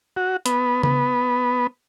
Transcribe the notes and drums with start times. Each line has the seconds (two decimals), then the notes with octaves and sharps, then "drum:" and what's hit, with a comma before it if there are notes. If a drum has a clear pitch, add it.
0.16 F#4
0.46 B3, drum: hi-hat
0.83 B3, drum: tom C#3